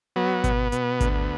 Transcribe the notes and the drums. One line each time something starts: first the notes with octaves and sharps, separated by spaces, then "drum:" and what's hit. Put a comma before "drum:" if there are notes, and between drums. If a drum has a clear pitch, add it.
F#3 B3
B2, drum: kick G#1, hi-hat
B2, drum: hi-hat
D2, drum: kick G#1, hi-hat